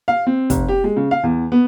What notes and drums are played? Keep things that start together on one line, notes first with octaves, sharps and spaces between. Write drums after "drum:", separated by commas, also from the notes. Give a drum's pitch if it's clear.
F5
C4
F1, drum: kick, hi-hat
G4
G#3
C#3
F5
E2
B3